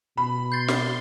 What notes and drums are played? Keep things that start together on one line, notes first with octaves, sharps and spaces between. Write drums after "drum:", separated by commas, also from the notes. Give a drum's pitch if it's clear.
B2 B5
C6 G6 A6
drum: snare